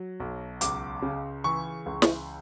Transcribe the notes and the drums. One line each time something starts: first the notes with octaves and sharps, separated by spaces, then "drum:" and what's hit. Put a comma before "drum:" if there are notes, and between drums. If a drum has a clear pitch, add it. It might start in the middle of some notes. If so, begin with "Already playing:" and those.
Already playing: F#3
B1
C#2 D6, drum: hi-hat
C#3
E3 C#6
C#2
drum: snare